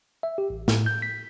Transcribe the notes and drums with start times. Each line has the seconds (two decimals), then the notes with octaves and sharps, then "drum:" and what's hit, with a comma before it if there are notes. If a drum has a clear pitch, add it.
0.23 E5
0.38 G4
0.50 A1
0.68 A2, drum: snare
0.86 G6
1.02 B6